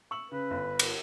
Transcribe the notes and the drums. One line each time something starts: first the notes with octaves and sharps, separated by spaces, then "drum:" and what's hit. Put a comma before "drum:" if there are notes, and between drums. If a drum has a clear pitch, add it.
C#6 E6 F#7
C#3 B4
G1
drum: cymbal